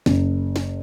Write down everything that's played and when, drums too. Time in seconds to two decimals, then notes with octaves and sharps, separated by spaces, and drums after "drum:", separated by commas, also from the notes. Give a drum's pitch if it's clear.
0.06 F#1, drum: snare
0.56 drum: snare